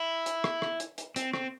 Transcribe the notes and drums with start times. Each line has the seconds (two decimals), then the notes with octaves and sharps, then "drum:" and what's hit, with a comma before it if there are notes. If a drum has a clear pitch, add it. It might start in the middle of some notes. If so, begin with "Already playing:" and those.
Already playing: E4
0.26 drum: hi-hat
0.44 drum: rim click
0.62 drum: rim click
0.80 drum: hi-hat
0.98 drum: hi-hat
1.16 C4, drum: hi-hat
1.33 C4, drum: rim click